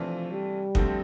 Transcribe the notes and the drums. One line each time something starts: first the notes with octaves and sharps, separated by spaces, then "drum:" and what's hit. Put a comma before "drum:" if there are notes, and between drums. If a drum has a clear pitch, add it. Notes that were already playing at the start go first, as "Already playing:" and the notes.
Already playing: C3 E3 F3 A3 D4 F4
G3
D2 D3 F3 A3 C4, drum: kick